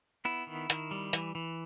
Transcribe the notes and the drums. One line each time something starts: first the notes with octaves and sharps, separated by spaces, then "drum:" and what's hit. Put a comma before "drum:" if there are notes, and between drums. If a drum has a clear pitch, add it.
B3 E4
D#3
D#3, drum: hi-hat
G3
E3, drum: hi-hat
E3